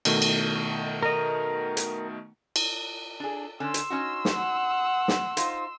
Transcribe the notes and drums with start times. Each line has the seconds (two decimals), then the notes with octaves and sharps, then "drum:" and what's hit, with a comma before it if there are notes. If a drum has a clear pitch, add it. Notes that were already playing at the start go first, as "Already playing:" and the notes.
0.05 B2 D#3 A3, drum: cymbal
0.22 drum: cymbal
1.03 A#4 D#5
1.77 drum: hi-hat
2.56 drum: cymbal
3.20 D4 G#4 A4
3.60 D3 C#4 C6 E6
3.74 drum: hi-hat
3.90 C#4 D#4 F#4
4.25 drum: snare
4.34 F#5
5.08 drum: snare
5.37 D#4 F4 C5, drum: hi-hat